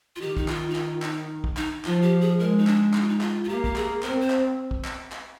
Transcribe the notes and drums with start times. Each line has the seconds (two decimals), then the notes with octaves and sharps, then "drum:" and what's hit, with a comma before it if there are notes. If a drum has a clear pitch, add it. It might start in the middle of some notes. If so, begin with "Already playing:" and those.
0.16 F4
0.21 D#3 G4
0.37 D#4, drum: kick
0.48 F4, drum: clap
0.70 D#4
0.75 F4, drum: clap
1.02 D#4, drum: clap
1.44 drum: kick
1.57 D#4, drum: clap
1.85 F3 F4, drum: clap
2.02 G4
2.21 G#4
2.39 G#3 A#4
2.58 D#4
2.67 D4, drum: clap
2.94 D#4, drum: clap
3.01 F4
3.09 D#4
3.21 F4, drum: clap
3.44 F4
3.49 A#3 G4
3.64 G4, drum: kick
3.76 G#4, drum: clap
4.03 C4 A#4, drum: clap
4.21 C5
4.30 drum: clap
4.71 drum: kick
4.85 drum: clap
5.12 drum: clap